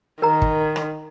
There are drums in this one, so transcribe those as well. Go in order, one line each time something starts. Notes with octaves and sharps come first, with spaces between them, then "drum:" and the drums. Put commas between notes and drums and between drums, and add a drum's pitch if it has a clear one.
D#3 A#4 A#5
drum: kick
drum: rim click